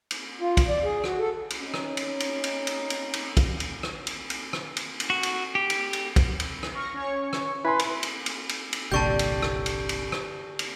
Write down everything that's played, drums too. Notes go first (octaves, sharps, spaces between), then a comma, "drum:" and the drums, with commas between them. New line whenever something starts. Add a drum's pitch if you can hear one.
drum: cymbal
F4
drum: kick, cymbal
D5
G#4
F#4, drum: rim click
A4
drum: cymbal
C#4 D#4
drum: rim click
drum: cymbal
drum: cymbal
drum: cymbal
drum: cymbal
drum: cymbal
drum: cymbal
drum: kick, cymbal
drum: cymbal
drum: rim click
drum: cymbal
drum: cymbal
drum: rim click
drum: cymbal
drum: cymbal
F#4
drum: cymbal
G4
drum: cymbal
drum: cymbal
drum: kick, cymbal
drum: cymbal
drum: rim click
C#6 F6 A#6
C#4 C#5 C#6
drum: rim click
E4 B4 G#5 C6
drum: cymbal
drum: cymbal
drum: cymbal
drum: cymbal
drum: cymbal
G1 C2 A#2 D3 G4 A5 C#6 G6
drum: cymbal
drum: rim click
drum: cymbal
drum: cymbal
drum: rim click
drum: cymbal